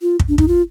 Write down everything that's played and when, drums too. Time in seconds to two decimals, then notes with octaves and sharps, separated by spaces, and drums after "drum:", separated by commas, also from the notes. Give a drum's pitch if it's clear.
0.02 F4
0.19 drum: kick
0.29 D4
0.38 D#4, drum: kick
0.48 F4